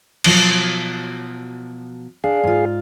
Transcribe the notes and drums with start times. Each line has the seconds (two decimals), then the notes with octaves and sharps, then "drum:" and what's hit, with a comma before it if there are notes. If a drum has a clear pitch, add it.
0.24 B2 F3 F#3, drum: cymbal
2.24 D4 G#4 F5
2.44 G#2 F4